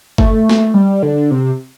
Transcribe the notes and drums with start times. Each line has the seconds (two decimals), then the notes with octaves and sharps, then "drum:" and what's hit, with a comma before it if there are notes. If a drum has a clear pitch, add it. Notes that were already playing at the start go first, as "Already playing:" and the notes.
0.18 A3, drum: kick G1
0.49 drum: snare
0.74 G3
1.02 D3
1.31 C3